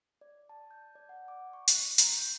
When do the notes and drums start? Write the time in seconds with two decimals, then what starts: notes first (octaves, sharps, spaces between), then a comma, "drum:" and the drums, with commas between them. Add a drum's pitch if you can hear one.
0.21 D5
0.49 A5
0.71 G6
0.95 D5
1.09 F#5
1.28 D6
1.53 C#6
1.68 F#6, drum: hi-hat
1.98 A#5, drum: hi-hat
2.18 G6